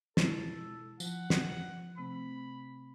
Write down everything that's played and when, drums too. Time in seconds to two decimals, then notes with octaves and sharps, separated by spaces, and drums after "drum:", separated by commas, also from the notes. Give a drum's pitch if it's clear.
0.17 B2 G#3 E4 A4 A6, drum: snare
1.00 F3 F#5, drum: tambourine
1.30 drum: snare
1.98 C3 A3 C4 B5